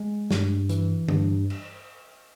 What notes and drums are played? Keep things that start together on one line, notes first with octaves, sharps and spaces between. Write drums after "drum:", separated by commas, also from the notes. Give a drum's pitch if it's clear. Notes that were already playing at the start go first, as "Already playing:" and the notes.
Already playing: G#3
G2, drum: snare
E3, drum: hi-hat
G2, drum: tom D3
drum: cymbal